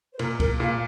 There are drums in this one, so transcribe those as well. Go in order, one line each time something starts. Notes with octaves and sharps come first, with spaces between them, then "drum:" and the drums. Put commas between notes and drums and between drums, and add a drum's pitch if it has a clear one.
C5
A#2 A#4, drum: cymbal
A#4, drum: kick, cymbal
A#2 F5, drum: rim click